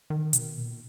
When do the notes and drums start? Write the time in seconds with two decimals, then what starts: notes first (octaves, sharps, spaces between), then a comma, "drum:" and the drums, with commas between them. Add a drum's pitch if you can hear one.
0.10 D#3
0.33 B2, drum: hi-hat
0.56 A#2